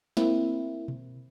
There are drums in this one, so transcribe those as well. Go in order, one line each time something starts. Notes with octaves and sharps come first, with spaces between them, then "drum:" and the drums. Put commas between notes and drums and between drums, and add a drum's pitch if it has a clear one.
A#3 C4 E4, drum: snare
drum: tom B2